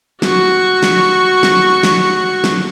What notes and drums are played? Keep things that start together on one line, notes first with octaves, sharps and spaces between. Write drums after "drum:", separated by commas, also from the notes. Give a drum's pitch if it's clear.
F#4 C#6, drum: snare
drum: snare
drum: snare
drum: snare
drum: snare